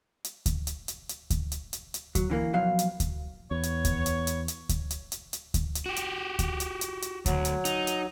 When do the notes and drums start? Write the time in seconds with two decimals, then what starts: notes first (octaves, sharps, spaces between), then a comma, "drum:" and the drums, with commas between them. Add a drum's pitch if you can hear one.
0.24 drum: hi-hat
0.46 drum: kick D2, hi-hat
0.67 drum: hi-hat
0.88 drum: hi-hat
1.09 drum: hi-hat
1.30 drum: kick D2, hi-hat
1.52 drum: hi-hat
1.73 drum: hi-hat
1.94 drum: hi-hat
2.15 F#3, drum: kick D2, hi-hat
2.30 D3 E3 A#3
2.53 B2 F3 F#3 F5
2.79 drum: hi-hat
3.00 drum: kick D2, hi-hat
3.51 E2 B3 C#5
3.63 drum: hi-hat
3.85 drum: kick D2, hi-hat
4.06 drum: hi-hat
4.27 drum: hi-hat
4.48 drum: hi-hat
4.69 drum: kick D2, hi-hat
4.91 drum: hi-hat
5.12 drum: hi-hat
5.33 drum: hi-hat
5.54 drum: kick D2, hi-hat
5.75 drum: hi-hat
5.86 F#4 G4
5.96 drum: hi-hat
6.39 drum: kick D2, hi-hat
6.60 drum: hi-hat
6.81 drum: hi-hat
7.02 drum: hi-hat
7.26 D2 F#3, drum: kick D2, hi-hat
7.45 drum: hi-hat
7.65 D#4, drum: hi-hat
7.87 drum: hi-hat